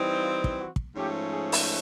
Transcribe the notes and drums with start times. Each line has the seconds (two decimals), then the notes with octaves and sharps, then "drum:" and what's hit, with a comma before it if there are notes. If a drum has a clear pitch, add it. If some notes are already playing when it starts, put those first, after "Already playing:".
Already playing: E3 G3 C4 D#4
0.21 F4
0.44 drum: kick
0.58 F#4
0.76 drum: kick
0.96 G#2 F3 A3 C#4 G4
1.33 G#4
1.52 drum: open hi-hat